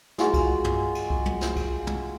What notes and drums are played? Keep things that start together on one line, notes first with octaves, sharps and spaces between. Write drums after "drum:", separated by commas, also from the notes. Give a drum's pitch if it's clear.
G#3 F4 F#4 A#4, drum: snare
drum: kick C2, cymbal
drum: tom
drum: cymbal
drum: kick C2
drum: tom
drum: snare
drum: kick C2, cymbal
drum: tom